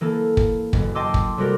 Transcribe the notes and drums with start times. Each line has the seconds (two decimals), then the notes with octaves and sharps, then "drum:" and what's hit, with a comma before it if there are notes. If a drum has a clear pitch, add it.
0.01 E3 A#3 A4
0.37 drum: kick
0.73 F#1 B2, drum: kick
0.95 D#5 G5 A5 C6 D6 E6
1.14 drum: kick
1.37 C3 G3 A3 F#4 G4 A#4